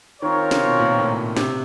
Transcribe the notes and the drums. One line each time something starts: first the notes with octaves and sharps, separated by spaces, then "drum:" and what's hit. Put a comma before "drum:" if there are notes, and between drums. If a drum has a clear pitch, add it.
D#3 C4 F4 A#4 C#5
D#3
C3, drum: snare
B2
A#2
A2
C3, drum: snare